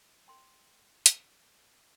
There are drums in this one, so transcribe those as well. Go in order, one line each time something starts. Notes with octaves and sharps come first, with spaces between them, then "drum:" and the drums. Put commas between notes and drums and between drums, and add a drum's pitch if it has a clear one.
G5 C6
drum: hi-hat